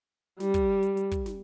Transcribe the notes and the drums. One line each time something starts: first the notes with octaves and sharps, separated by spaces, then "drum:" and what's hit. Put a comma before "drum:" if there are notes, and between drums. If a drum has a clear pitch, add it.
G3, drum: snare
drum: kick, hi-hat
drum: hi-hat
drum: hi-hat
drum: kick, hi-hat
drum: snare